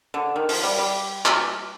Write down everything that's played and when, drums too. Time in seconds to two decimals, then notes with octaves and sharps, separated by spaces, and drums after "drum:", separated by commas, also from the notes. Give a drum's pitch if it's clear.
0.14 D3
0.36 D#3
0.49 F3, drum: open hi-hat
0.63 G3
0.78 G3
1.26 drum: clap